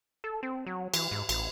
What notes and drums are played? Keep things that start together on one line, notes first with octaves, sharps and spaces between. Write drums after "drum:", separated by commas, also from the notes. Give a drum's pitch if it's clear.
A4
C4
F#3
E3, drum: cymbal
G#2
A1, drum: cymbal